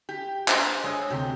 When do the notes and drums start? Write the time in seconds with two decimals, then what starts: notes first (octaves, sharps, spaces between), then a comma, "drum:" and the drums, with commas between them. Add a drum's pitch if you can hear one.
0.09 G4
0.48 D4 C5, drum: clap
0.84 G#3 C#5 D#6 E6
1.10 D2 C3 G4